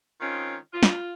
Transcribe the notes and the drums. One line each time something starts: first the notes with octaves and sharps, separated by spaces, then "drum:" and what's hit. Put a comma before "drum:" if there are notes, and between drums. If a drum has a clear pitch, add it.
D#3 G#3 C4 C#4 F4
F4
drum: snare